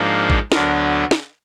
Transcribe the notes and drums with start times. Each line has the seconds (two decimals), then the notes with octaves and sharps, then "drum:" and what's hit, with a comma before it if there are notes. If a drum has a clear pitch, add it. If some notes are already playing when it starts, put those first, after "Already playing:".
Already playing: G#2 F3 A#3 D4
0.30 drum: kick A1
0.52 D2 D3 F#3 B3 D4 A#4, drum: snare
1.11 drum: snare